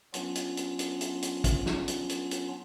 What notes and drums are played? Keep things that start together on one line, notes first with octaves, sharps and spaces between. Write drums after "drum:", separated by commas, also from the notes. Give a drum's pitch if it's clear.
F#3 B3 C#4 D4 F4, drum: hi-hat
drum: hi-hat
drum: hi-hat
drum: hi-hat
drum: hi-hat
drum: hi-hat
drum: kick, hi-hat
drum: snare
drum: hi-hat
drum: hi-hat
drum: hi-hat